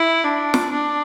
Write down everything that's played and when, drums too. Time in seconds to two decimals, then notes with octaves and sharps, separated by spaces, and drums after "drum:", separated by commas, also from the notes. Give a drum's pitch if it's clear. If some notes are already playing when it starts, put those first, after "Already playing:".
Already playing: E4
0.24 D4
0.54 drum: snare
0.71 D4